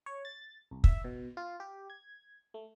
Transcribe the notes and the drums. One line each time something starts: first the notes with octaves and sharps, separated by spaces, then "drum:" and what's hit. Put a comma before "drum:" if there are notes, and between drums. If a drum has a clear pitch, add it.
C#5
A6
C2
E5, drum: kick
B2
F4
G4
G#6
A3